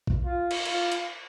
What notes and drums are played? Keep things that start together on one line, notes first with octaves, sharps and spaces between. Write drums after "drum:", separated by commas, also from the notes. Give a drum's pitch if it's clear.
drum: kick
F4
drum: cymbal
F4, drum: cymbal
drum: hi-hat